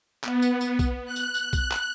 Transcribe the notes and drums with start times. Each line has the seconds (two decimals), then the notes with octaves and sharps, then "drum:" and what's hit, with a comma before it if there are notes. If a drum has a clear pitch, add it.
0.24 B3, drum: clap
0.42 drum: tambourine
0.61 drum: tambourine
0.79 drum: kick B1, tambourine
1.05 F#6
1.16 drum: tambourine
1.35 drum: tambourine
1.53 drum: kick B1, tambourine
1.71 drum: clap